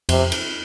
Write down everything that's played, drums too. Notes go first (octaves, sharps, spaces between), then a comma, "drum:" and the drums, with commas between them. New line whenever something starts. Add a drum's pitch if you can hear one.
F2 C3, drum: cymbal
drum: cymbal